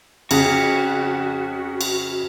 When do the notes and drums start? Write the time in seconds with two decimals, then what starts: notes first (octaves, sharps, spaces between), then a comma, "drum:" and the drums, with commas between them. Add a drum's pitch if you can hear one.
0.31 F2 C#3 F#4, drum: cymbal
1.81 drum: cymbal